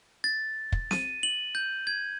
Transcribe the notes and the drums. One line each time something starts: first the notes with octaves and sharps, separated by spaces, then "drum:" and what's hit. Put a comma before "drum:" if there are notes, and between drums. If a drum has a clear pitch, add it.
A6
drum: kick
D#7, drum: snare C4
F#7
G6
G#6